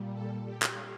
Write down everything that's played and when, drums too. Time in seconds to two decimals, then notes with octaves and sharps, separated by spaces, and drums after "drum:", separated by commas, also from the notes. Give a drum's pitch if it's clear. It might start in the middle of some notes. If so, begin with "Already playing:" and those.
Already playing: A#2 G3
0.13 A4
0.45 G4
0.62 drum: clap